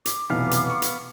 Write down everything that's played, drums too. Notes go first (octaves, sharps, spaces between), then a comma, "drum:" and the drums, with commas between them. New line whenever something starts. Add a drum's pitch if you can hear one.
D6, drum: hi-hat
F1 B1 E3 B3 F5
drum: hi-hat
C#6
drum: hi-hat